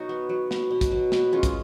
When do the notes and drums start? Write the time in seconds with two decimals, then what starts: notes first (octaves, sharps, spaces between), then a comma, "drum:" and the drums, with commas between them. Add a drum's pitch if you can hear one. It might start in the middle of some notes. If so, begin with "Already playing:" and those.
Already playing: B2 F#3 D#4 F#4
0.09 B3
0.29 F#3
0.51 B3, drum: snare
0.71 B2
0.81 drum: kick, hi-hat
0.92 F#3
1.12 B3, drum: snare
1.32 G#3 C#4 F4
1.43 drum: kick, hi-hat